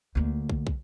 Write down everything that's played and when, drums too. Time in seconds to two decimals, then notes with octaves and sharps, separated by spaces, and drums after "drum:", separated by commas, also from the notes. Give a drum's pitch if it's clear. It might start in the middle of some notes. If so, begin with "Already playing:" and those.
0.15 D2 A#3
0.49 drum: kick
0.67 drum: kick